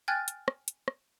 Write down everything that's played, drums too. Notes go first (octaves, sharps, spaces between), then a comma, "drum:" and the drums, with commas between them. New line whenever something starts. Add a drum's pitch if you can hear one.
G5 G#5 F6 F#6 G#6 A6
drum: hi-hat
drum: rim click
drum: hi-hat
drum: rim click